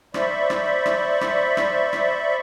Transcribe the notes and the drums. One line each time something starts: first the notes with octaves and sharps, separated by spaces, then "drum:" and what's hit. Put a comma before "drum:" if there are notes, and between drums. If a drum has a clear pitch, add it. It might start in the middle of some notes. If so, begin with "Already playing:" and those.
C5 D5 E5 B5 C#6, drum: rim click
drum: rim click
drum: rim click
drum: rim click
drum: rim click
drum: rim click